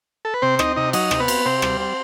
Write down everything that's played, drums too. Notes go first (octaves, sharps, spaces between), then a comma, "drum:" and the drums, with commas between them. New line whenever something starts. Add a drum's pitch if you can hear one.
A4
B4
C3 C4 C5
C4 D#4 D#5, drum: rim click
C3 D#4 D#5
F#3 D#4 D#5, drum: cymbal
C3, drum: rim click
B3 B4
C4, drum: cymbal
C3 C4 C5
G3, drum: rim click
C4